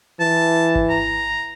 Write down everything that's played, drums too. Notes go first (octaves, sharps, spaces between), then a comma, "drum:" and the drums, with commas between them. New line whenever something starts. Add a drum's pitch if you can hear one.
E3 A5
drum: kick G#1
A#5